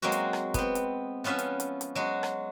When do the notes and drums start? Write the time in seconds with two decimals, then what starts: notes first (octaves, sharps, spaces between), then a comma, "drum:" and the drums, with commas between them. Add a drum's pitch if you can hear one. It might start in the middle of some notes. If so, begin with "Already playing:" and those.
0.02 F#3 G#3 A#3 C4 F#4
0.12 drum: hi-hat
0.33 drum: rim click
0.54 B3 C4, drum: kick, hi-hat
0.75 drum: hi-hat
1.24 F3 B3 C#4 F4 E5
1.39 drum: hi-hat
1.60 drum: hi-hat
1.81 drum: hi-hat
1.95 F#3 G#3 F#4
2.23 drum: rim click